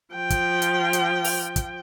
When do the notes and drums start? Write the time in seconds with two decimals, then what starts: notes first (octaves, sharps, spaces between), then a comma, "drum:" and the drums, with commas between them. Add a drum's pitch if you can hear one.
0.15 F3 G5
0.30 drum: kick, hi-hat
0.62 drum: hi-hat
0.93 drum: hi-hat
1.24 drum: open hi-hat
1.56 drum: kick, hi-hat